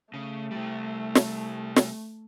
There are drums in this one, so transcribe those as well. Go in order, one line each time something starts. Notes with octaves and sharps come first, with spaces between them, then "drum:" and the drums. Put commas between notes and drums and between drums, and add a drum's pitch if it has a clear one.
C#3 A3
C3 G3
drum: snare
drum: snare